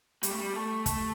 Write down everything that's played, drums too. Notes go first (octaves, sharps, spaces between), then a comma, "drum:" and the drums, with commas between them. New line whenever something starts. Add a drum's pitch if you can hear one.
G3, drum: hi-hat
A3
G3
A3
A3, drum: kick, hi-hat